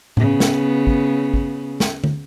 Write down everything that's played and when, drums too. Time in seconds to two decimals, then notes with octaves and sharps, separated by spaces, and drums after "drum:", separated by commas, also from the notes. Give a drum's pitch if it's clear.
0.17 C#3 B3, drum: tom A2
0.40 drum: snare
0.87 drum: kick
1.34 drum: kick
1.80 drum: snare
2.04 drum: tom